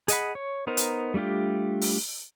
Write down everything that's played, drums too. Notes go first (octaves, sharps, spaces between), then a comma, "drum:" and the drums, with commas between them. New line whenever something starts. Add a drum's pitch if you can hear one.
G#4 D#5 F#5 B5, drum: hi-hat
C#5
B3 D#4 A#4 C5
drum: hi-hat
G3 A3 D4 F4 G4
drum: open hi-hat